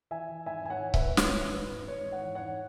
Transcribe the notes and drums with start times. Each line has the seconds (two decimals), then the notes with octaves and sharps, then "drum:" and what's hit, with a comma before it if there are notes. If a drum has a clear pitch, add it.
0.11 E3 E5 G#5
0.29 E3
0.46 G#2 E5 G#5
0.64 G#2 G#5
0.70 C#5 F#5
0.82 E3
0.94 B4 E5, drum: kick C#1
0.99 G#2
1.06 B4
1.17 G#2 C#5, drum: snare
1.35 E3
1.53 G#2 B4
1.71 G#2
1.88 G#2 C#5
2.06 G#2
2.11 C#5 F#5
2.23 E3
2.35 C#5 F#5
2.41 G#2